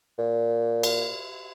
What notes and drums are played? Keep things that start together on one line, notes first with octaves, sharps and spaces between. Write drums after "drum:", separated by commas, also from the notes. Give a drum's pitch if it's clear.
A#2
drum: cymbal